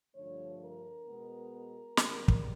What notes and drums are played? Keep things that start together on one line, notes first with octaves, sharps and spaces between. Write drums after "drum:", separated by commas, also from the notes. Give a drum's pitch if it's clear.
G2 D3 F3 A3 C#5
A#4
B2 G#3 B3
G#2 D#3 G3, drum: snare
drum: kick